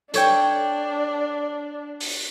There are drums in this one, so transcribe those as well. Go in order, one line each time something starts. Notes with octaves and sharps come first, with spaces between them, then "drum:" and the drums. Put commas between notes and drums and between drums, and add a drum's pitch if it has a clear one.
D4 A4 C#5 G5, drum: hi-hat
drum: open hi-hat